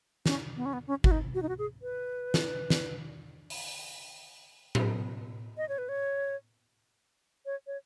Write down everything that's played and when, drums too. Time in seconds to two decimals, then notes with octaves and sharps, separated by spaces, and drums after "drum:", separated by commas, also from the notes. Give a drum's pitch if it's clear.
0.26 C#4, drum: snare
0.57 B3
0.66 C#4
0.73 B3
0.87 C#4
1.04 F#4, drum: kick G1
1.11 D#4
1.35 F#4
1.42 D#4
1.49 F#4
1.58 G#4
1.82 B4
2.34 drum: snare
2.70 drum: snare
3.50 drum: open hi-hat
4.75 drum: tom A2
5.57 D#5
5.69 C#5
5.78 B4
5.89 C#5
7.46 C#5
7.67 C#5